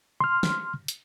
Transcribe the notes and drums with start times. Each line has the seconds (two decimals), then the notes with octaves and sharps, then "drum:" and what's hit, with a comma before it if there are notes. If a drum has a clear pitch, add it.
0.21 C6 F6
0.43 drum: snare
0.88 drum: hi-hat